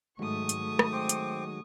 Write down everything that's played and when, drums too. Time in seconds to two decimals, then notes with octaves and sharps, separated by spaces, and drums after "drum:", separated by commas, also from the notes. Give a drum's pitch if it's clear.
0.19 G#2 D#3 F#3 G#3 A3 C#6 D#6
0.49 drum: hi-hat
0.58 A3
0.79 drum: rim click
0.92 C4 C5 D6
1.09 drum: hi-hat